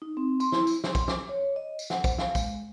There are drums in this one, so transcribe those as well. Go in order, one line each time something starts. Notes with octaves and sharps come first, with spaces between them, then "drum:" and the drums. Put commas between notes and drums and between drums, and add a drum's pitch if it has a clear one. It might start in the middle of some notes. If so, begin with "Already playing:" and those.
D#4
C4
C6, drum: tambourine
E4, drum: snare
drum: tambourine
C6, drum: snare
drum: kick, tambourine
D6, drum: snare
C#5
D#5
drum: tambourine
F#5, drum: snare
C5, drum: kick, tambourine
F5, drum: snare
G#3, drum: kick, tambourine